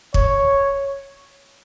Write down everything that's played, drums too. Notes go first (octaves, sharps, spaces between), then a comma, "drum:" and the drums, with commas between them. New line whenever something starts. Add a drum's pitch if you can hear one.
C#5, drum: kick